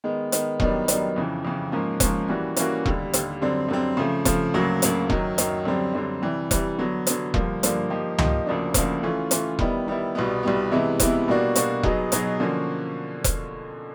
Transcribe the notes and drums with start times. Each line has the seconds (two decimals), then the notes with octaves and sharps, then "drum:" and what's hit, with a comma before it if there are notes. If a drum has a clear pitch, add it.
0.04 D#3 G#3 B3
0.32 D#3 G#3 B3, drum: hi-hat
0.60 F#2 D#3 G3 B3 D4, drum: kick E1
0.88 F#2 D#3 G3 B3 D4, drum: hi-hat
1.16 F2 C#3 E3
1.45 F2 C#3 E3
1.72 G#2 F3 A#3 C#4
2.00 G#2 F3 A#3 C#4, drum: kick E1, hi-hat
2.28 E3 G3 A#3 C#4 F#4
2.56 E3 G3 A#3 C#4 F#4, drum: hi-hat
2.86 D#2 D3 G3, drum: kick E1
3.13 D#2 D3 G3, drum: hi-hat
3.42 F#2 D3 G3 C4
3.69 F#2 D3 G3 C4
3.97 C#3 F3 A3
4.25 C#3 F3 A3, drum: kick E1, hi-hat
4.54 D2 C#3 F#3 A#3
4.82 D2 C#3 F#3 A#3, drum: hi-hat
5.10 F#2 D#3 F#3, drum: kick E1
5.38 F#2 D#3 F#3, drum: hi-hat
5.65 F#2 D3 G3 C4
5.93 F#2 D3 G3 C4
6.22 C3 E3 G3
6.51 C3 E3 G3, drum: kick E1, hi-hat
6.78 D3 F#3 B3
7.07 D3 F#3 B3, drum: hi-hat
7.34 G2 D3 F3 A#3, drum: kick E1
7.63 G2 D3 F3 A#3, drum: hi-hat
7.90 F3 A#3 D#4 G4
8.18 F3 A#3 D#4 G4, drum: tom C#2
8.46 D2 C#3 F3 A#3 D4
8.74 D2 C#3 F3 A#3 D4, drum: kick E1, hi-hat
9.03 E3 A3 C#4 F4
9.31 E3 A3 C#4 F4, drum: hi-hat
9.59 D#3 G3 B3 E4, drum: kick E1
9.87 D#3 G3 B3 E4
10.15 C2 B2 G3 B3
10.43 C2 B2 G3 B3
10.71 C3 E3 G#3 B3 E4
11.00 C3 E3 G#3 B3 E4, drum: kick E1, hi-hat
11.28 B2 G3 A#3 D4 F#4
11.56 B2 G3 A#3 D4 F#4, drum: hi-hat
11.83 B2 F#3 B3 D#4 G#4, drum: kick E1
12.12 B2 F#3 B3 D#4 G#4, drum: hi-hat
12.40 D3 F3 A#3 C#4 F#4
13.24 drum: kick E1, hi-hat